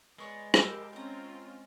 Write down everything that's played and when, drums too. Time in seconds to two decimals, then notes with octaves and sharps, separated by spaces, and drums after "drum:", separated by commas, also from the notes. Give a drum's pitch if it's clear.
0.18 G#3 B3 C#5 D5
0.54 G4 A4 A#4, drum: rim click
0.93 C4 C#4 F4 G5 A#5